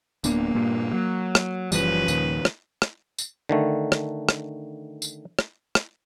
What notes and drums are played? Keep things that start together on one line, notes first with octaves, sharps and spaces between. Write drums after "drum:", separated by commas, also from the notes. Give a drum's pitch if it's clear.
D1 A#3 B3 D4, drum: tambourine
G2 A#2
F#3
drum: rim click
F#1 C#3 E3 F3 G3 B4, drum: tambourine
D#2 A#2 D#3, drum: tambourine
drum: rim click
drum: rim click
drum: tambourine
D3 D#3 A3
drum: rim click
drum: rim click
drum: tambourine
drum: rim click
drum: rim click